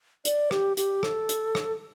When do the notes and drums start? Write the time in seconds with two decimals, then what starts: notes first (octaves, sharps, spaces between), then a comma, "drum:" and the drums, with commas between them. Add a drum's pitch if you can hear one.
0.25 D5, drum: hi-hat
0.51 G4, drum: rim click
0.77 G4, drum: hi-hat
1.03 A4, drum: rim click
1.29 drum: hi-hat
1.55 drum: rim click